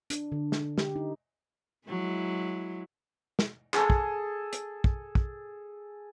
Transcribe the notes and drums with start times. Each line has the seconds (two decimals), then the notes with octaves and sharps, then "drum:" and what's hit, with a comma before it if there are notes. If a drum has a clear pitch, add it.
0.10 D4, drum: hi-hat
0.32 D3
0.52 drum: snare
0.78 G4, drum: snare
0.96 D#4
1.87 F#3 G#3 E4
3.39 drum: snare
3.74 G#4 A4, drum: clap
3.90 drum: kick
4.53 drum: hi-hat
4.84 drum: kick
5.15 drum: kick